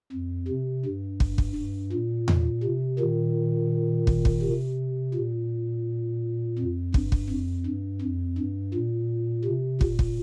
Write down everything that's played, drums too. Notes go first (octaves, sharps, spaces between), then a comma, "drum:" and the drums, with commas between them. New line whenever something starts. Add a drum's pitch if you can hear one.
F2
C3
G2
drum: kick
drum: kick
G2
A#2
drum: tom E2
C3
A#2 D#3
drum: kick
drum: kick
C3
A#2
F2
G2, drum: kick
drum: kick
F2
G2
F2
G2
A#2
C3
A#2, drum: kick
drum: kick